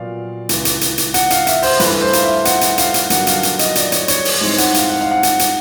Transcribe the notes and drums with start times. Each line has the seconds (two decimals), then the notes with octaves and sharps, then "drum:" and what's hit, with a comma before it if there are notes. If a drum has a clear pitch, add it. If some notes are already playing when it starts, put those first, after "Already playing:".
Already playing: A#2 F#3 B3 D5 F5
0.49 C#2 C#3 E3, drum: hi-hat
0.65 drum: hi-hat
0.81 drum: hi-hat
0.98 drum: hi-hat
1.14 F#5, drum: hi-hat
1.30 F5, drum: hi-hat
1.47 E5, drum: hi-hat
1.63 C5, drum: open hi-hat
1.80 G2 E3 A3 B4, drum: hi-hat
2.01 C5
2.13 F5, drum: hi-hat
2.23 E5
2.45 F#5, drum: hi-hat
2.61 drum: hi-hat
2.78 F5, drum: hi-hat
2.94 drum: hi-hat
3.10 G2 D3 F#3 A#3 F#5, drum: hi-hat
3.27 F5, drum: hi-hat
3.43 drum: hi-hat
3.59 D#5, drum: hi-hat
3.75 D5, drum: hi-hat
3.92 C#5, drum: hi-hat
4.08 C#5, drum: hi-hat
4.25 drum: open hi-hat
4.41 G#2 E3 G3 C4 D#4 C#5
4.58 F#5, drum: hi-hat
4.74 F5, drum: hi-hat
4.90 F#5
5.01 F5
5.11 F#5
5.23 drum: hi-hat
5.39 drum: hi-hat